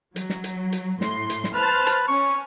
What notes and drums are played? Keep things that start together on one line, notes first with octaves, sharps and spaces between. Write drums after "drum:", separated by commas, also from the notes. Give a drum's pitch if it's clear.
F#3, drum: hi-hat
drum: snare
drum: hi-hat
drum: hi-hat
A2 C6, drum: snare
drum: hi-hat
drum: snare
B4 C5 A5 F6
drum: hi-hat
C#4 C#6